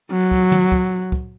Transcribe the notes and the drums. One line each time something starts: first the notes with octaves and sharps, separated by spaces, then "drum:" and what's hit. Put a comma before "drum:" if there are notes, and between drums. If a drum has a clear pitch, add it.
F#3
drum: kick
drum: tom
drum: kick
drum: kick